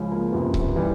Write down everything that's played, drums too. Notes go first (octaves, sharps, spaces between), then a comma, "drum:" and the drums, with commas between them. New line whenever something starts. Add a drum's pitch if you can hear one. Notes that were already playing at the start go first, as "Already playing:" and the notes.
Already playing: C#2 C#3 F3
A#3
F#1 F2 C3 B3
drum: kick C#1
E3 G3